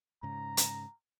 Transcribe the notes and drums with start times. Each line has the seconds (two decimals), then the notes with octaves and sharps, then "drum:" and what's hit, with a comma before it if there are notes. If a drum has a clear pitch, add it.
0.23 G#2 C#3 A#5
0.57 drum: hi-hat